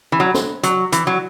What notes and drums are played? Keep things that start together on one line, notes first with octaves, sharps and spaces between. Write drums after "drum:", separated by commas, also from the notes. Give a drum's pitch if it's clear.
E3
F#3
drum: snare
F#3, drum: hi-hat
E3, drum: hi-hat
F#3